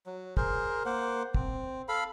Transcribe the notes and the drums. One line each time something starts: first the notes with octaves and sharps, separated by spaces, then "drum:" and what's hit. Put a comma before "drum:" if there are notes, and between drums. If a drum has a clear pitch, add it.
F#3
G#4 A#4 C5, drum: kick
A#3 C5 F#5
C4, drum: kick
A4 F5 B5